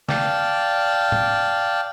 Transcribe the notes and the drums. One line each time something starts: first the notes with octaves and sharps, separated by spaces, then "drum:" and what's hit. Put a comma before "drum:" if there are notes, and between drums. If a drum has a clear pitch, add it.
D5 F5 G5 A5, drum: snare
drum: tom